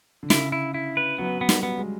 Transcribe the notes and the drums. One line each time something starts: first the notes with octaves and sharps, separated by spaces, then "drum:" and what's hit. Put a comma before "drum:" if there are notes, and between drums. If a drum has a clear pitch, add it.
D3
C#3 E4, drum: snare
E4
E4
B4
F#3 B3
B3
G3, drum: snare
B3
G#3